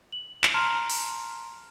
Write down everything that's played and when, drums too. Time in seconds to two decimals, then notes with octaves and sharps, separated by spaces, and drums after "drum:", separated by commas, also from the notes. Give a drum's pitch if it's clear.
0.12 F#7
0.44 drum: clap
0.54 A5 A#5 C6 F6
0.90 drum: open hi-hat